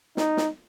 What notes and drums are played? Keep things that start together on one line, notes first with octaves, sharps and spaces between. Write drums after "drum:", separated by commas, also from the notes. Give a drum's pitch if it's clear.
D#4, drum: snare
drum: snare